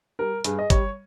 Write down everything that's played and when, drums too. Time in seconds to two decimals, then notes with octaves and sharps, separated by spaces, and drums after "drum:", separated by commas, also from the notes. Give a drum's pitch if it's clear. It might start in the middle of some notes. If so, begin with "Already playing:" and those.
0.19 G3 A#4
0.44 G2 G#4, drum: hi-hat
0.59 D#5
0.70 G3 C#5, drum: kick, hi-hat